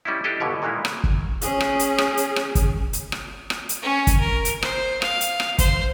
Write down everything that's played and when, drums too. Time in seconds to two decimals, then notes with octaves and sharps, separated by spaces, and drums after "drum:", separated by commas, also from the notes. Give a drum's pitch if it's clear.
0.05 G3 C#4 D#4 E4
0.24 D4 E4 G4 A4 D#5
0.40 G1 D#2 B2 D3 C#5
0.62 A#2 D#3 E3 G#3 A#3 E4
0.85 drum: rim click
1.04 drum: kick
1.41 C#4 G#4, drum: hi-hat
1.60 drum: rim click
1.79 drum: hi-hat
1.98 drum: rim click
2.17 drum: hi-hat
2.36 drum: rim click
2.55 drum: kick, hi-hat
2.93 drum: hi-hat
3.12 drum: rim click
3.50 drum: rim click
3.69 drum: hi-hat
3.82 C#4
4.07 drum: kick, hi-hat
4.20 A#4
4.45 drum: hi-hat
4.62 C5, drum: rim click
5.02 F5, drum: rim click
5.21 drum: hi-hat
5.40 drum: rim click
5.58 C5, drum: kick, hi-hat